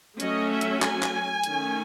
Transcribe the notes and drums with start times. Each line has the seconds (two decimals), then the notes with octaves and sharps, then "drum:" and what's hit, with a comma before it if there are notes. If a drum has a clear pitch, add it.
0.20 F#3 A3 C#4 D#5, drum: hi-hat
0.51 E5
0.61 drum: hi-hat
0.82 G#5, drum: clap
1.03 drum: clap
1.44 D#3 A3 C#4, drum: hi-hat